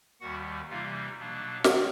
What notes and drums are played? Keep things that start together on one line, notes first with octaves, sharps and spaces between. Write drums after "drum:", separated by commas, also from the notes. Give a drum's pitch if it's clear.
D#2 D#3 G3 F#4 F#5
C3 E3 G3 A#3 D#4 F4 F5
B2 F#3 A#3 D4
drum: snare